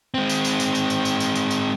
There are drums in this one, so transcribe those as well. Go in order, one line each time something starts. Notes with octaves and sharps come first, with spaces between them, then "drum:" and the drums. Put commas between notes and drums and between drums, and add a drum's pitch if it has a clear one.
G#3 C4
drum: tambourine
drum: tambourine
drum: tambourine
drum: tambourine
drum: tambourine
drum: tambourine
drum: tambourine
drum: tambourine
drum: tambourine